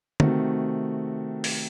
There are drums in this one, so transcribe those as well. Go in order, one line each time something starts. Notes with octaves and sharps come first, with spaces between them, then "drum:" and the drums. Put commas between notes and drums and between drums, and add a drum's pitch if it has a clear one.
C3 D#3 A3 C4 F#4, drum: tom
drum: open hi-hat